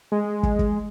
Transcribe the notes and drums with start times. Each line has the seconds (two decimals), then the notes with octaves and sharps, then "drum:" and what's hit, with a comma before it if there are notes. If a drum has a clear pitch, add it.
0.12 G#3
0.43 drum: kick
0.59 drum: kick